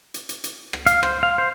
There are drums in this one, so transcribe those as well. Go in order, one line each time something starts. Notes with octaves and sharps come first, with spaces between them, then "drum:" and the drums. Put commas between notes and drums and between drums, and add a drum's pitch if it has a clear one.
drum: hi-hat
drum: hi-hat
drum: hi-hat
drum: rim click
F5, drum: hi-hat
C5, drum: rim click
F5
C5